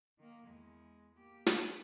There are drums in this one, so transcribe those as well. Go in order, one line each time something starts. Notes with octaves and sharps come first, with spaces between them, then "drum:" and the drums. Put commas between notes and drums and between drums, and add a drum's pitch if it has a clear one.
D#3 A#3
E2 G#3
A#3 G4
drum: snare